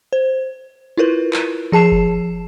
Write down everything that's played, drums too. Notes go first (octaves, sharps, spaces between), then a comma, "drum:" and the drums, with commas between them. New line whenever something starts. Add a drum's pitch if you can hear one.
C5
E4 F4 A#4 B4
drum: clap
F3 G#4 A5 C7 E7
drum: kick F#1